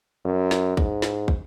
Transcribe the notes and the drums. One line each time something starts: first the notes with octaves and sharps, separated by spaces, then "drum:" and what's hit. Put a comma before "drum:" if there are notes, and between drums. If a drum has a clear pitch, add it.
F#2
drum: snare
G#2, drum: kick
drum: snare
drum: kick